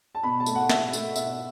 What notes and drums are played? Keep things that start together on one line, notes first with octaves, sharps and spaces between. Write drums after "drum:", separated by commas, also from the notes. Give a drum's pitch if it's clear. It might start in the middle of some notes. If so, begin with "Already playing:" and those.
A5
B2 B5
A5
A3, drum: tambourine
F#5
B2 E5, drum: snare
A3, drum: tambourine
B2 E5, drum: tambourine